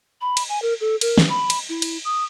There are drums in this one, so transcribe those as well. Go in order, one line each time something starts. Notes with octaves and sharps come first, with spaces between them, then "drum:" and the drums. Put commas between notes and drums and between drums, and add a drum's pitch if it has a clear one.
B5
drum: cymbal
G#5
A#4
A4
A#4, drum: cymbal
drum: snare
B5
drum: cymbal
E4
drum: cymbal
D#6